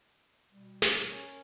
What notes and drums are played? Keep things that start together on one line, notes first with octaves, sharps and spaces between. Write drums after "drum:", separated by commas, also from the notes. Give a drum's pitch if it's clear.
B2 G3
drum: snare
C#4 A#4